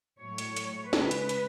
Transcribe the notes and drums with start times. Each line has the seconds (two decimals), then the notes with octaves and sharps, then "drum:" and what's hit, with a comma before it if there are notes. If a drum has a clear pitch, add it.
0.20 A2 F#3 A3 C#5
0.38 drum: hi-hat
0.56 drum: hi-hat
0.93 C#3 G#3 B4, drum: snare
1.11 drum: hi-hat
1.29 drum: hi-hat